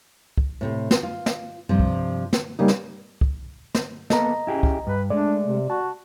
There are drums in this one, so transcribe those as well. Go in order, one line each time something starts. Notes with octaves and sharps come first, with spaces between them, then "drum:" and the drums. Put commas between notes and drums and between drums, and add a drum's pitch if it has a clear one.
drum: kick
A2 C3 A3
drum: snare
F4
drum: snare
G2 C3 F3
drum: kick
drum: snare
C#3 G3 A#3 D#4 D#5
drum: snare
drum: kick
drum: snare
A#3 B3 A4 D#5 A#5, drum: snare
C#4 E4 G4 G#4
drum: kick
G2 B4
G#3 A3 D4 D5
C3
F#4 A5